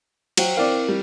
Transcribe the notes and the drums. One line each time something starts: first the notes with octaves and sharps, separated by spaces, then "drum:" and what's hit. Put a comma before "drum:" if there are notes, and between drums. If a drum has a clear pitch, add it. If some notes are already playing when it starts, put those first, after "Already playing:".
F#3 C5 F5 G5, drum: cymbal
C4 E4 A#4 D5 F5
G3